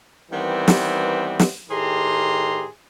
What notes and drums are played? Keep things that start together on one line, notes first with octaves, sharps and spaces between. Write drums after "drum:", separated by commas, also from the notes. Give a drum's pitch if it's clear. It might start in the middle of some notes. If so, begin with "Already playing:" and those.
D#3 E3 G3 B3 C4
drum: snare
drum: snare
A2 D#3 G4 G#4 A#5 C6